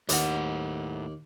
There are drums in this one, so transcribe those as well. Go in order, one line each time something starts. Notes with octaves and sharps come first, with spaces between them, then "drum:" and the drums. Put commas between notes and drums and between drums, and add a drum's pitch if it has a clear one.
D#2 A2 F#5, drum: hi-hat